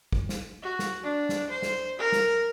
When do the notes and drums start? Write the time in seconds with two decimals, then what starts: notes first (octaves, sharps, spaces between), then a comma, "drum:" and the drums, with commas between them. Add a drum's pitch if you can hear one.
0.13 drum: kick
0.29 drum: snare
0.62 F#4
0.79 drum: snare
1.04 D4
1.29 drum: snare
1.50 C5
1.62 drum: snare
1.99 A#4
2.12 drum: snare